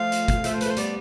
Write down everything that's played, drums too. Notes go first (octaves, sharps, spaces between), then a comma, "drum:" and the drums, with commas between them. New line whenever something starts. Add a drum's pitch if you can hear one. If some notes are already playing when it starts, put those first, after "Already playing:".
Already playing: F3 A3 F5
drum: hi-hat
drum: kick, hi-hat
F3 A3 E5, drum: hi-hat
C5
B4, drum: hi-hat
A3 C5
G3 B3 D5, drum: hi-hat